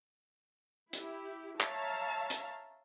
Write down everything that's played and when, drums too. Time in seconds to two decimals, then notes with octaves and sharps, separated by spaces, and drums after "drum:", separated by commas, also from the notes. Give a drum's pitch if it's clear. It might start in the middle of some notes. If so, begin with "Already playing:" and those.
0.93 E4 G4, drum: hi-hat
1.61 C#5 E5 F5 A5 A#5, drum: clap
2.30 drum: hi-hat